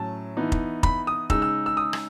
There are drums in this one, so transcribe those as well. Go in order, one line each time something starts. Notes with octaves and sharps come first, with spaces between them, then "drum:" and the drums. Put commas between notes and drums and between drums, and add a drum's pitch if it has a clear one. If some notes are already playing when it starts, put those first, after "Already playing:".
Already playing: A2 F#3 C#4 A5
E3 B3 D#4
drum: kick F1
B5, drum: kick F1
D#6
C#3 G#3 D#4 E6, drum: kick F1
E6
E6
D#6
drum: rim click